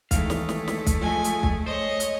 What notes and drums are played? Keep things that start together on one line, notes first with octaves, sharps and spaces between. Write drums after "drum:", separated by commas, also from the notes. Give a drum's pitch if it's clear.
D#3 E3 G#3 A3 F5, drum: kick, hi-hat
drum: snare
drum: snare
drum: snare
drum: kick, hi-hat
F3 D#5 G#5
drum: hi-hat
drum: kick
C5 C#5 D#5
drum: hi-hat